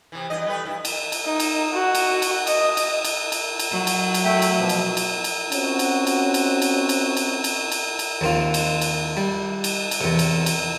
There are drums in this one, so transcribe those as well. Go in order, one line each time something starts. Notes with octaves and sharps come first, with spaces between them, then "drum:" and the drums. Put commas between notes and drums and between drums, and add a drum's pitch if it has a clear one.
C3 E3
E2 G2 D#5
G3 A3 B4
G2 E4
drum: cymbal
drum: cymbal
D#4
drum: cymbal
F#4
drum: cymbal
drum: cymbal
D#5, drum: cymbal
drum: cymbal
drum: cymbal
drum: cymbal
drum: cymbal
F#3
drum: cymbal
drum: cymbal
A3 E5 G5
drum: cymbal
B2 F3
drum: cymbal
drum: cymbal
drum: cymbal
C4 C#4 F4 F#4, drum: cymbal
drum: cymbal
drum: cymbal
drum: cymbal
drum: cymbal
drum: cymbal
drum: cymbal
drum: cymbal
drum: cymbal
drum: cymbal
D#2 C4 F4
drum: cymbal
drum: cymbal
G3
drum: cymbal
drum: cymbal
E2 C3
drum: cymbal
drum: cymbal